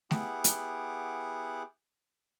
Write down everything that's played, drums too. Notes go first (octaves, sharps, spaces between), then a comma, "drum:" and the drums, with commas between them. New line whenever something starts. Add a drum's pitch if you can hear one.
B3 E4 G4 G#4 F#5 D6, drum: snare A3
drum: hi-hat